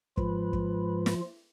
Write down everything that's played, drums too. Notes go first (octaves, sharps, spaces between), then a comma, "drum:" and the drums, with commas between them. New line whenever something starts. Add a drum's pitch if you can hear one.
G#2 F3 F4 B4, drum: kick
drum: kick
drum: snare